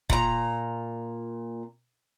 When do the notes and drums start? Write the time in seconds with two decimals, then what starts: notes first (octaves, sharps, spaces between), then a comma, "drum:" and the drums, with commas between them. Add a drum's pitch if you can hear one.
0.10 A#2 A#5, drum: kick